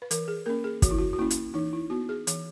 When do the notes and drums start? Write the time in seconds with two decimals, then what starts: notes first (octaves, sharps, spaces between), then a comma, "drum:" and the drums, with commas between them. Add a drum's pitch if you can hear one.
0.02 B4
0.11 E3 A#4, drum: hi-hat
0.28 G#4
0.46 A#3 C#4 A#4
0.64 G#4
0.82 E3 F#4, drum: kick, hi-hat
0.91 E4
0.99 F#4
1.13 F#4
1.18 A#3 C#4 E4
1.30 drum: hi-hat
1.54 E3 D#4
1.73 E4
1.90 B3 F#4
2.09 G#4
2.27 E3, drum: hi-hat